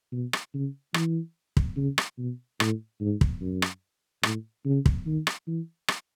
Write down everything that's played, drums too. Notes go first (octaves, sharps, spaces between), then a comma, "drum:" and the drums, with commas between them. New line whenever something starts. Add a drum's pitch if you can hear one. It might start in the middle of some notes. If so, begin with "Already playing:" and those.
B2
drum: rim click
C#3
E3, drum: rim click
drum: kick
C#3
drum: rim click
B2
A2, drum: rim click
G#2
drum: kick
F#2
drum: rim click
A2, drum: rim click
C#3
drum: kick
D#3
drum: rim click
E3
drum: rim click